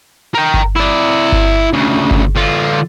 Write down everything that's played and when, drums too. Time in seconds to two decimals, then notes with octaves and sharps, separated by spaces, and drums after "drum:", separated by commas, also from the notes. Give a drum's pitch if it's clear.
0.34 A#4 G5
0.54 drum: kick G1
0.76 E4 D5
1.32 drum: kick G1
1.73 D2 C#3
2.11 drum: kick G1
2.36 D3 F4